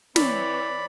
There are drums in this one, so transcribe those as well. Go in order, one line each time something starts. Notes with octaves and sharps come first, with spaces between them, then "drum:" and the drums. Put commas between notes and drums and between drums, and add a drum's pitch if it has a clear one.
E3 C4 C#5 D5 B5, drum: snare